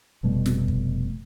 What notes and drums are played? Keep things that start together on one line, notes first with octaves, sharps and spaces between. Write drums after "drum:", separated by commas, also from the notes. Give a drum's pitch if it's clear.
F1 B2 G3 A3
drum: snare
drum: kick